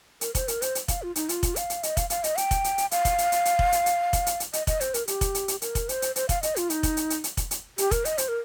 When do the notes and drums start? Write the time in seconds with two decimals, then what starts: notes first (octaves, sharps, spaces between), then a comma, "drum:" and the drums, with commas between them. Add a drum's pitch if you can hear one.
0.21 A#4, drum: hi-hat
0.35 C5, drum: kick F1, hi-hat
0.48 A#4, drum: hi-hat
0.62 C5, drum: hi-hat
0.75 drum: hi-hat
0.88 F5, drum: kick F1, hi-hat
1.02 F4
1.16 D#4, drum: hi-hat
1.29 F4, drum: hi-hat
1.43 drum: kick F1, hi-hat
1.56 F5, drum: hi-hat
1.70 drum: hi-hat
1.83 D#5, drum: hi-hat
1.97 F5, drum: kick F1, hi-hat
2.10 F5, drum: hi-hat
2.24 D#5, drum: hi-hat
2.38 G5, drum: hi-hat
2.51 drum: kick F1, hi-hat
2.64 drum: hi-hat
2.78 drum: hi-hat
2.91 F5, drum: hi-hat
3.05 drum: kick F1, hi-hat
3.18 drum: hi-hat
3.32 drum: hi-hat
3.45 drum: hi-hat
3.59 drum: kick F1
3.72 drum: hi-hat
3.86 drum: hi-hat
4.13 drum: kick F1, hi-hat
4.26 drum: hi-hat
4.40 drum: hi-hat
4.53 D#5, drum: hi-hat
4.67 D#5, drum: kick F1, hi-hat
4.81 C5, drum: hi-hat
4.94 A#4, drum: hi-hat
5.08 G4, drum: hi-hat
5.21 drum: kick F1, hi-hat
5.35 drum: hi-hat
5.48 drum: hi-hat
5.62 A#4, drum: hi-hat
5.75 drum: kick F1, hi-hat
5.89 C5, drum: hi-hat
6.02 drum: hi-hat
6.16 C5, drum: hi-hat
6.29 F5, drum: kick F1, hi-hat
6.43 D#5, drum: hi-hat
6.56 F4, drum: hi-hat
6.70 D#4, drum: hi-hat
6.83 drum: kick F1, hi-hat
6.97 drum: hi-hat
7.10 drum: hi-hat
7.24 drum: hi-hat
7.37 drum: kick F1, hi-hat
7.51 drum: hi-hat
7.78 G4, drum: hi-hat
7.91 A#4, drum: kick F1, hi-hat
8.05 D#5, drum: hi-hat
8.18 C5, drum: hi-hat
8.28 A#4